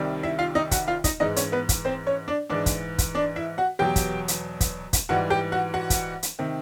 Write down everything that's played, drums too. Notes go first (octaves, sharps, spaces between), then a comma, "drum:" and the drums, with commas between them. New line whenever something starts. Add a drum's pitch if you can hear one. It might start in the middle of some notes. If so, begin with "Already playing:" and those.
Already playing: C2 C3 D#3 G3
E4 E5
F4 F5
D#4 D#5
F#4 F#5, drum: kick, hi-hat
F4 F5
D#4 D#5, drum: kick, hi-hat
G#2 E3 G#3 D#4 D#5
C#4 C#5, drum: hi-hat
B3 B4
drum: kick, hi-hat
C4 C5
C#4 C#5
D4 D5
G#2 E3 G#3 D4 D5
drum: kick, hi-hat
drum: kick, hi-hat
D4 D5
E4 E5
F#4 F#5
E2 B2 F#3 G4 G5
drum: kick, hi-hat
drum: hi-hat
drum: kick, hi-hat
drum: kick, hi-hat
G#2 E3 G3 F#4 F#5
G4 G5
F#4 F#5
F#4 F#5
drum: kick, hi-hat
drum: hi-hat
C3 D#3